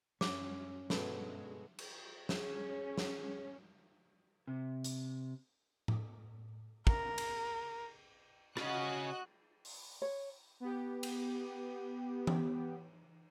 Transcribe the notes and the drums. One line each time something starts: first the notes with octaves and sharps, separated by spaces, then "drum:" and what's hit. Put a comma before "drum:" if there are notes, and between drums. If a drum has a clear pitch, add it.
F#2 C#4 D6, drum: snare
G2 B2 G#3 F#4 A4 B4, drum: snare
drum: cymbal
C#4 G#4, drum: snare
drum: snare
C3
drum: hi-hat
drum: tom A2
A#4, drum: kick
drum: cymbal
C#3 C#4 F#4 D#5 F#6, drum: rim click
drum: open hi-hat
C#5
B3 G4
drum: cymbal
drum: tom E3